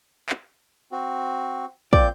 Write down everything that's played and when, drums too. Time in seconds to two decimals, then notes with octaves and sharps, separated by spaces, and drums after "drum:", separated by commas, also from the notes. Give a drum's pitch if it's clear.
0.29 drum: clap
0.92 C4 F#4
1.93 A#2 C4 D5 G6, drum: kick